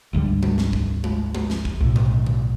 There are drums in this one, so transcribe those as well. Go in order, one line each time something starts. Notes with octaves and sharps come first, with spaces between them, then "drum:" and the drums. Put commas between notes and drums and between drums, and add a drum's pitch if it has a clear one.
G#1 D2 D3 G3
drum: tom G#3
drum: snare
drum: kick
drum: tom G#3
drum: tom G#3
drum: snare
drum: kick
B1 A2
drum: tom C3
drum: tom D3